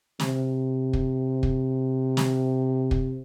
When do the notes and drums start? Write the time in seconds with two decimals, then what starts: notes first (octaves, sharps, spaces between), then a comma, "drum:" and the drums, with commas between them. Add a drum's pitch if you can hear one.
0.20 C3, drum: snare
0.93 drum: kick
1.43 drum: kick
2.17 drum: snare
2.91 drum: kick